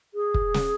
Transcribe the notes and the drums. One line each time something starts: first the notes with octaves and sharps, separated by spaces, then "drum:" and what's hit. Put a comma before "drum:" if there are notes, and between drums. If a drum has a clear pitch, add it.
G#4
drum: kick
drum: snare